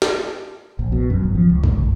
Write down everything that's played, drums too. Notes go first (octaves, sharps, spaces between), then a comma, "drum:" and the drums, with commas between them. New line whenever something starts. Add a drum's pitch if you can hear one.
drum: snare
A#1
B2
F#2
G#1
F3
C#2
C#2, drum: kick A#1
G1